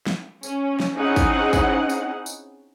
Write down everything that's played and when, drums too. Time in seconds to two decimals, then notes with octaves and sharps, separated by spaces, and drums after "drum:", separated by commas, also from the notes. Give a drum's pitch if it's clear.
0.07 drum: snare
0.43 C#4, drum: tambourine
0.80 drum: snare
0.93 C4 C#4 D#4 E4 G#4 F#5
1.16 drum: kick, tambourine
1.53 drum: kick, tambourine
1.89 drum: tambourine
2.26 drum: tambourine